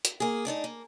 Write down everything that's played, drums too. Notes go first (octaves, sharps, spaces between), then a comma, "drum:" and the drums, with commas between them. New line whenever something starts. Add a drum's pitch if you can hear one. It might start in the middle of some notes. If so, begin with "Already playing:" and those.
drum: hi-hat
A#3 G#4
A3 D4 D#4 D5
A#3